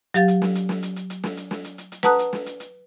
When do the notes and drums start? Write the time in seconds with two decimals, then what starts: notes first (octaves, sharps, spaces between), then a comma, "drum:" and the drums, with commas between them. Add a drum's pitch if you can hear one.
0.14 F#3 G4 F5 A6, drum: hi-hat
0.28 drum: hi-hat
0.42 drum: snare
0.55 drum: hi-hat
0.69 drum: snare
0.83 drum: hi-hat
0.96 drum: hi-hat
1.10 drum: hi-hat
1.24 drum: snare
1.37 drum: hi-hat
1.51 drum: snare
1.64 drum: hi-hat
1.78 drum: hi-hat
1.92 drum: hi-hat
2.03 B4 F#5 A5 A#5 D#6 F#6, drum: snare
2.19 drum: hi-hat
2.33 drum: snare
2.46 drum: hi-hat
2.60 drum: hi-hat